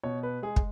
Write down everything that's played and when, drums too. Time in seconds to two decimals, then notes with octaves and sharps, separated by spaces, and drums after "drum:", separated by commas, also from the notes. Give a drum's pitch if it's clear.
0.03 B2 C#5
0.23 B4
0.42 G#3 G#4
0.56 drum: kick